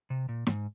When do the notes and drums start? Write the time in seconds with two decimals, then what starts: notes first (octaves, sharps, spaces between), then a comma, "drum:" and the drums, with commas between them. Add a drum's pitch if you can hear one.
0.10 C3
0.29 A#2
0.47 G#2, drum: snare